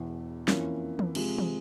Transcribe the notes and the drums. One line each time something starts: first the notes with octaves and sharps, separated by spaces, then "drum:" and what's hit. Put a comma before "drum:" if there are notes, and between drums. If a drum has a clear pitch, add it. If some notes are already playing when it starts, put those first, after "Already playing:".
Already playing: E1 E2 E3
F2 E3 A#3 C#4, drum: snare
drum: tom
C3 F3 G#3, drum: cymbal
drum: tom